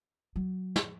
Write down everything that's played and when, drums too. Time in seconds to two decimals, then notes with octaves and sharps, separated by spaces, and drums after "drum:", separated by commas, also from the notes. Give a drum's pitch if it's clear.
0.36 F#3
0.76 drum: snare